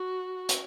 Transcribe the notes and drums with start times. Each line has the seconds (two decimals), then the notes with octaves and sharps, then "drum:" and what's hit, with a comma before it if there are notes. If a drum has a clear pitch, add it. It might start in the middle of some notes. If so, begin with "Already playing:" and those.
Already playing: F#4
0.49 drum: hi-hat